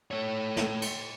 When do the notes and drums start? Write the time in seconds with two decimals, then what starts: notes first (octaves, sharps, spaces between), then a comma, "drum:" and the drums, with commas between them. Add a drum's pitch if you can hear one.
0.11 A3 C#5
0.57 drum: snare
0.82 drum: cymbal